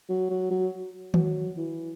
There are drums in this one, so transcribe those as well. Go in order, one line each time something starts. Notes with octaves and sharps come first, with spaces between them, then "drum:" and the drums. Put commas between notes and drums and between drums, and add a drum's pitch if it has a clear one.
F#3
F#3
F#3
F#3, drum: tom D#3
E3